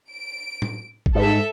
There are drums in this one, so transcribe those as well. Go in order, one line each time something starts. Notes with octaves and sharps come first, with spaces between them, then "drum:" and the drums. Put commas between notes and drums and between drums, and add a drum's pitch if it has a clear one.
D7
drum: tom A2
drum: kick G#1
G#2 A4 E5